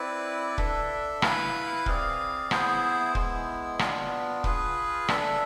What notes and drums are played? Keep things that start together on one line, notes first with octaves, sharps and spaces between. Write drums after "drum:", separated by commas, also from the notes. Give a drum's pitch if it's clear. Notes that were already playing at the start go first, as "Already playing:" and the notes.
Already playing: C4 E4 B4 D5
D4 A4 E5, drum: kick
E4 B4 F5, drum: rim click
C4 G#4 D5 F5, drum: kick
B3 E4 G#4 C5, drum: rim click
G#3 B3 E4, drum: kick
B3 D4 F4, drum: rim click
F4 G#4 B4, drum: kick
D4 A4 E5, drum: rim click